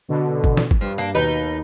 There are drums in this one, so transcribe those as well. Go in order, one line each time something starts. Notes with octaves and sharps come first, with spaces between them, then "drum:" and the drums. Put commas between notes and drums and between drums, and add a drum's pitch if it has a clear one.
B2 D3
drum: kick
drum: snare
drum: kick
G2 F3
A#3 D4
D#2 B2 D#4 B4